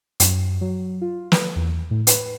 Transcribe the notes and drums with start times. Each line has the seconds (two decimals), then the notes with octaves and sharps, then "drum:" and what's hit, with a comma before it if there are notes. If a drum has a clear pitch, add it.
0.20 F#2, drum: hi-hat
0.61 F#3
1.01 F4
1.32 B4, drum: snare
1.56 E2
1.91 A2
2.07 B4, drum: hi-hat